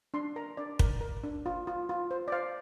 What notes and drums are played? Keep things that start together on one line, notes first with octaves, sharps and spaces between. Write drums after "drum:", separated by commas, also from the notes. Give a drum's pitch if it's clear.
D4 C6
A#4 A#5
D4 D5
A#4, drum: kick
A#4
D4
F4
F4
F4
C5
D5
C5 F5